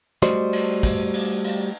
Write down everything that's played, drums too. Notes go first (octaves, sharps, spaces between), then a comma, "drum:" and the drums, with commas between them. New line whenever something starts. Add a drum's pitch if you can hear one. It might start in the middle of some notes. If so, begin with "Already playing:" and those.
G3 A3 F#4 C5 D5 D#5, drum: snare
drum: cymbal
drum: kick, cymbal
drum: cymbal
drum: cymbal